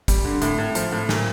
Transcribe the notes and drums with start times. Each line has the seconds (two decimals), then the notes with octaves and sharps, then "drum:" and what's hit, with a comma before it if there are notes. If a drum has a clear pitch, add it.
0.08 G3, drum: kick, hi-hat
0.25 D3
0.42 A2, drum: hi-hat
0.59 A2
0.75 F3, drum: hi-hat
0.92 A2
1.09 A#2, drum: snare